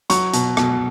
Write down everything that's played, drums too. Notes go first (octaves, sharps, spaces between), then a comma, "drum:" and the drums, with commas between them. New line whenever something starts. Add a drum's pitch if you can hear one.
F#3 C#6, drum: hi-hat
B2, drum: hi-hat
B2, drum: rim click